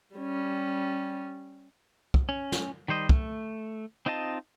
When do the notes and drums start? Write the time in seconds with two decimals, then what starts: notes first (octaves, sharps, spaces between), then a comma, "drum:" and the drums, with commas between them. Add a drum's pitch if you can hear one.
0.16 G3 C#4
2.14 drum: kick
2.29 C#4
2.52 drum: snare
2.88 D#3 G3 C5 D#5
3.09 A3, drum: kick
4.06 C4 D#4 F4 D#5 A5